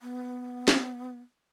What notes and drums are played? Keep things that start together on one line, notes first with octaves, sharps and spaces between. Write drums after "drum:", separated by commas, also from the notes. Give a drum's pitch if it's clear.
B3
drum: snare